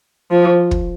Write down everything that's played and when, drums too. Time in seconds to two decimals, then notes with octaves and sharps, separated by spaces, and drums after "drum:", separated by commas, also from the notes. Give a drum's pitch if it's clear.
0.31 F3
0.71 drum: kick